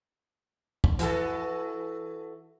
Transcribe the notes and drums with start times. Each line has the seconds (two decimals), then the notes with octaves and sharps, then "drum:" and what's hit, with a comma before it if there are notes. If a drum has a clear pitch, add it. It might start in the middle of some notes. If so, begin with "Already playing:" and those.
0.84 drum: kick
0.99 E3 F#4 A4, drum: hi-hat